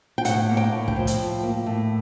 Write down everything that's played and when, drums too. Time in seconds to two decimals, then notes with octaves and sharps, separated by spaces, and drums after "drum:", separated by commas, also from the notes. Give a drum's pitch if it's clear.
0.18 G5
0.25 A2 F#5, drum: hi-hat
0.49 A#3
0.57 G5
0.72 A2
0.88 G5, drum: kick
0.96 F3
1.07 drum: hi-hat
1.20 A2
1.43 A#3
1.66 A2